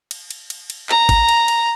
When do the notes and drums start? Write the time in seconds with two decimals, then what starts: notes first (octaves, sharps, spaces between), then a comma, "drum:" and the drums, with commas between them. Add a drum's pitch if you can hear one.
0.11 drum: cymbal
0.31 drum: cymbal
0.50 drum: cymbal
0.70 drum: cymbal
0.89 A#5, drum: clap
1.09 drum: kick, cymbal
1.29 drum: cymbal
1.48 drum: cymbal